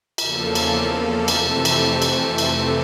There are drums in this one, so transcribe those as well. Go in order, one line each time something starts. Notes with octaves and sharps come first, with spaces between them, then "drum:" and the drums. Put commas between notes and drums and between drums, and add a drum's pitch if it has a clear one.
E2 C#3 F3 A#3 A4, drum: cymbal
drum: cymbal
F2 C3 E3 A3 C4 A4, drum: cymbal
drum: cymbal
drum: cymbal
drum: cymbal